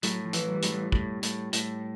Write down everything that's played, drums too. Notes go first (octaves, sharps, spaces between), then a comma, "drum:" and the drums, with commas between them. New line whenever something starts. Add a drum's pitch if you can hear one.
A2 F#3, drum: hi-hat
F3
E3, drum: hi-hat
F#3
G3
A2 F#3, drum: hi-hat
G3
A2, drum: kick A1
A2, drum: hi-hat
A2, drum: hi-hat